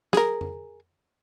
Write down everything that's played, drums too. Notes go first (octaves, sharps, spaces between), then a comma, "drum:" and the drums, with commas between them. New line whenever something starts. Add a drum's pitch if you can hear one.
G#4 A#4, drum: snare
drum: tom F2